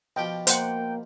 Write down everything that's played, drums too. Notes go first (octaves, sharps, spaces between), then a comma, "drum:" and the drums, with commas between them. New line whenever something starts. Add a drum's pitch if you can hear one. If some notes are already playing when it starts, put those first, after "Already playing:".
B2 F3 G4 G5
A#3 C5 F#5 G5, drum: hi-hat